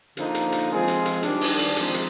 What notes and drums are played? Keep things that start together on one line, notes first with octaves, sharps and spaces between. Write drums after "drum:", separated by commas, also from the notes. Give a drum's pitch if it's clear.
D3 F3 A#3 D#4, drum: hi-hat
drum: hi-hat
drum: hi-hat
F3 G#3 C4 F4 G#4
drum: hi-hat
drum: hi-hat
D#3 G3 D4, drum: hi-hat
drum: open hi-hat
drum: hi-hat
F3 G#3 C4 D#4, drum: hi-hat
drum: hi-hat